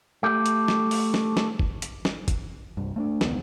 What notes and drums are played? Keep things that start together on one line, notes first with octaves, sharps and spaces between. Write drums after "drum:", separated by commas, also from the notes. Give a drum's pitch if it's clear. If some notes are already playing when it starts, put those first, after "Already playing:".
A3 G4
drum: hi-hat
drum: snare
drum: open hi-hat
drum: snare
drum: snare
drum: kick
drum: hi-hat
drum: snare
drum: kick, hi-hat
C2 G2
A3 C4 D4
E1 C#2 D#3 B3, drum: snare